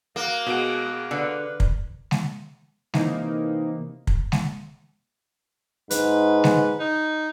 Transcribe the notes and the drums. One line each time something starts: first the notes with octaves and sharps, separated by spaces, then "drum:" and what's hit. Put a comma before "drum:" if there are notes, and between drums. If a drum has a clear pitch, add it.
A#3 F#4
B2 G#3 F#4 F#5 D7
D3 B4
drum: kick
drum: snare G#3
C3 E3 A#3 D#4, drum: snare G#3
drum: kick
drum: snare G#3
G#2 B4, drum: hi-hat
drum: snare G#3
D#4